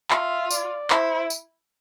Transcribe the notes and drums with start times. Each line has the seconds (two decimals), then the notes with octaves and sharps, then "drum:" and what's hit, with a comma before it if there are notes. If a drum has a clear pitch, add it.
0.10 F4 E5, drum: clap
0.51 D5, drum: tambourine
0.90 E4 C5, drum: clap
1.30 drum: tambourine